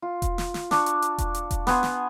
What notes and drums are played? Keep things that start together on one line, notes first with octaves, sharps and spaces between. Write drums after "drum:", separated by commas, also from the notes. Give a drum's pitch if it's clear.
F4
drum: kick E1, hi-hat
drum: snare
drum: snare
D4 C#6, drum: snare
drum: hi-hat
drum: hi-hat
drum: kick E1, hi-hat
drum: hi-hat
drum: kick E1, hi-hat
B3 F#5 G#5 C6, drum: snare
drum: snare